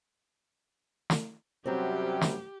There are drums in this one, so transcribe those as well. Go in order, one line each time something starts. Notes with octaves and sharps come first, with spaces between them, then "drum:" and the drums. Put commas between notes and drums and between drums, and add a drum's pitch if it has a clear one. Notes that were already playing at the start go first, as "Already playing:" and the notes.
drum: snare
F#2 C3 F#3 G3 C4 G4
drum: snare